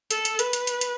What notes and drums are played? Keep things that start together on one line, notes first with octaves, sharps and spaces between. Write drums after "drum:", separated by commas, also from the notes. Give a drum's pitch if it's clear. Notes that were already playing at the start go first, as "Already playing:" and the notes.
A4, drum: hi-hat
drum: hi-hat
B4, drum: hi-hat
drum: hi-hat
drum: hi-hat
drum: hi-hat